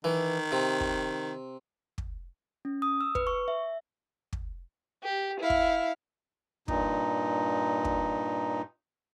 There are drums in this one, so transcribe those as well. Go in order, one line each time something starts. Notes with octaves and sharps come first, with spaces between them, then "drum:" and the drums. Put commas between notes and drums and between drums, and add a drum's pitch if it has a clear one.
D#3 E3
C3
drum: kick
drum: kick
C#4
D#6
E6
B4, drum: kick
C#6
E5
drum: kick
G4
E4 F5
drum: kick
G2 A#2 D#4, drum: kick
drum: kick